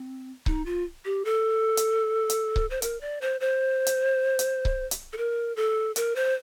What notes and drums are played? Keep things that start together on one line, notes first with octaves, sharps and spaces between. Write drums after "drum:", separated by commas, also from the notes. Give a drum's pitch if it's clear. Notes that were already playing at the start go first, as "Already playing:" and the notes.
Already playing: C4
D#4, drum: kick C#1
F4
G4
A4
drum: hi-hat
drum: hi-hat
drum: kick C#1
C5
A#4, drum: hi-hat
D5
C5
C5
drum: hi-hat
drum: hi-hat
drum: kick C#1
drum: hi-hat
A4
A#4
A4
A#4, drum: hi-hat
C5